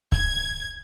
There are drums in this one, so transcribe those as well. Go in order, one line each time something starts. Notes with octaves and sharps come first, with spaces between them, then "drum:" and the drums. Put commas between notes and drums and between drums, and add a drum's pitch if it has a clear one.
G#6, drum: kick C#1